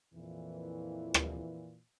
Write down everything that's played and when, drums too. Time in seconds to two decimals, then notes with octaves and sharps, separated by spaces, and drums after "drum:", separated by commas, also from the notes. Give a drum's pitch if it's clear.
0.14 F2 A#2 E3
1.14 drum: rim click